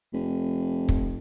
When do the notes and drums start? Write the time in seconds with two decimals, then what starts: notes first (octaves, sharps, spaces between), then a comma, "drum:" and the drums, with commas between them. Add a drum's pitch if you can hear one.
0.13 F1
0.89 drum: kick